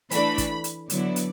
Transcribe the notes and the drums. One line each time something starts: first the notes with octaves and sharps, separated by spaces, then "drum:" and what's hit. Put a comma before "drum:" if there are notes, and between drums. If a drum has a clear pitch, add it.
E3 A3 D4 B5, drum: hi-hat
drum: kick, hi-hat
drum: hi-hat
D3 F#3 B3 E4 D5, drum: hi-hat
drum: hi-hat